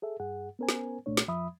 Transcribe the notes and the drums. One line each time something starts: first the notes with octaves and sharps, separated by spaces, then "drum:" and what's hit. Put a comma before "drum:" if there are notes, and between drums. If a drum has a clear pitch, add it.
G#4 A4 E5
G2 G#4 F#5
B3 C#4 A#4 C5 G#5
drum: snare
C2 A#2 A3 D4 C#5
drum: snare
F2 F3 E5 B5 D#6